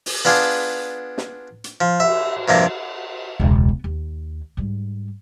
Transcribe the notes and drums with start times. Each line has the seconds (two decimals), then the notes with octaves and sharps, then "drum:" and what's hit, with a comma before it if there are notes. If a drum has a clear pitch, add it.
0.06 drum: open hi-hat
0.25 B3 D4 F4 G#4
1.18 drum: snare
1.64 drum: hi-hat
1.81 F3
2.00 E5, drum: cymbal
2.48 G2 C3 F3 A#3
3.40 E1 C#2
3.69 B3
3.84 D#2
4.57 G#2 G3